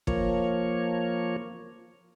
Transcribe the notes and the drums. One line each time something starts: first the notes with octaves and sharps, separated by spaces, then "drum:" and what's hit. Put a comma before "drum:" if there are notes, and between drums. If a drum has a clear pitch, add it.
F3 A#3 C#5, drum: kick